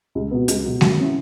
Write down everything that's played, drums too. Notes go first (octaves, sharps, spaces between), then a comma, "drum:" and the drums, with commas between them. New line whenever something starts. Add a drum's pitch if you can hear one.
C#2
B2 B3
C#2, drum: hi-hat
B2 F#3
F#2, drum: snare G#3
E3 C#4 E4